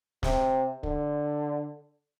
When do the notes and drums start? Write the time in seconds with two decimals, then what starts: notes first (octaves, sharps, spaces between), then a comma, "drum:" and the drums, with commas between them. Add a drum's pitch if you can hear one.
0.23 C3, drum: snare
0.83 D3, drum: kick